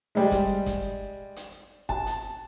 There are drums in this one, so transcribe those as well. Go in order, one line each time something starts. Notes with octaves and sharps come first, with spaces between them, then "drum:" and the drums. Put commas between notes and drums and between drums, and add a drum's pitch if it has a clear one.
G3 G#3
drum: kick F#1, hi-hat
drum: kick F#1, hi-hat
drum: hi-hat
A5, drum: kick F#1
drum: hi-hat